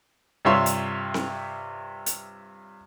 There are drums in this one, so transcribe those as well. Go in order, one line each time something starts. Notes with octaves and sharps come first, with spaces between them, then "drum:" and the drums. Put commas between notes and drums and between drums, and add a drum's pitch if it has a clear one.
G2 C3 F4 C#5 E5 C6
drum: hi-hat
drum: snare C4
drum: hi-hat